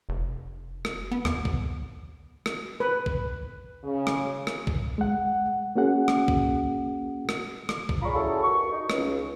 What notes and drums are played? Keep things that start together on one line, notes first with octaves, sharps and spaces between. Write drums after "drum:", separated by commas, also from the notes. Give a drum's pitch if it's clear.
F1
drum: rim click
B3
D#2, drum: rim click
drum: kick B1
drum: rim click
B4
drum: kick B1
C#3
drum: rim click
drum: rim click
drum: kick B1
G#3 F#5
A#3 C#4 F#4 G#4 F#5
drum: rim click
drum: kick B1
drum: rim click
drum: rim click
drum: kick B1
F4 G#4 D5 A#5 B5 C#6
C#4 E4 F#4 G#4 A4 C#5
G2 A#2 F#4 C#6
D#4
C#2, drum: rim click